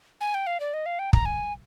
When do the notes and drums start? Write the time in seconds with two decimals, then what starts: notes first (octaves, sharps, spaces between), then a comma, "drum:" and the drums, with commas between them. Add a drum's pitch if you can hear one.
0.21 G#5
0.34 G5
0.47 F5
0.60 D5
0.74 D#5
0.86 F5
0.99 G5
1.13 A#5, drum: kick
1.25 G#5